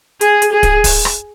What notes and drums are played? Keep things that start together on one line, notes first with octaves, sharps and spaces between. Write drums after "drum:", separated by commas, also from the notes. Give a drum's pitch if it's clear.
G#4, drum: hi-hat
drum: hi-hat
G#4
drum: kick, hi-hat
drum: kick, open hi-hat
drum: rim click